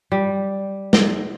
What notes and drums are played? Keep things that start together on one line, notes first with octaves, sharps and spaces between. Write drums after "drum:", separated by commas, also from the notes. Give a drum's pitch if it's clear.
G3
drum: snare